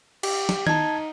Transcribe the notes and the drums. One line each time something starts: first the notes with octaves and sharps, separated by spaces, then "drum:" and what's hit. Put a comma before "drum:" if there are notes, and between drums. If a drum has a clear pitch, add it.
G4, drum: cymbal
drum: snare
D#4 A5 G#6, drum: tom D#3